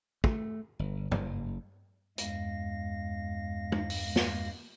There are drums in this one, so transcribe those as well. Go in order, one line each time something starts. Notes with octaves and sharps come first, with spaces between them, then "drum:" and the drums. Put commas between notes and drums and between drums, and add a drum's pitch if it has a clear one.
A3, drum: kick
G1
F#1, drum: tom G2
E2 G2 G#3 F5 A#6, drum: hi-hat
drum: tom
drum: open hi-hat
drum: snare